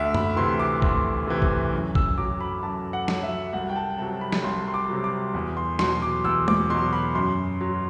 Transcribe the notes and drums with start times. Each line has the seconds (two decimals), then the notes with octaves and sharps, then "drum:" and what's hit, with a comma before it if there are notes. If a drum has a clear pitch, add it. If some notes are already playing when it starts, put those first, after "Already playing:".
Already playing: D2 E5
0.14 B5, drum: tom
0.37 C3 E3 C6
0.59 D6
0.82 D2, drum: kick
1.27 C3 E3
1.42 drum: kick
1.73 F#2
1.95 E6, drum: kick
2.18 F#3 D6
2.41 B5
2.63 F#2 A5
2.93 F#5
3.08 F#3, drum: snare
3.23 E5
3.53 C2 F#5
3.69 G5
3.76 A5
3.98 C3 F#3 A5
4.21 B5
4.32 drum: snare
4.44 C2 C6
4.68 C6
4.74 D6
4.89 C3 F#3
5.04 D6
5.34 E2
5.57 C6
5.79 B2 F#3 C6, drum: snare
6.02 D6
6.25 E2 E6
6.48 D6, drum: tom
6.70 B2 F#3 C6
6.93 B5
7.15 F#2 C6
7.61 F#3